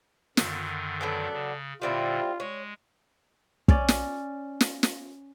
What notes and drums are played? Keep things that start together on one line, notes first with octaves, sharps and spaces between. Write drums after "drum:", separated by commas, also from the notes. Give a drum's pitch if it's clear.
F#2 D3 D#3, drum: snare
F#3 B3 D4 A4
C#3
A#2 D3 G3 C4 E4 F4
G#3 C#5
C#4 D5, drum: kick
drum: snare
drum: snare
drum: snare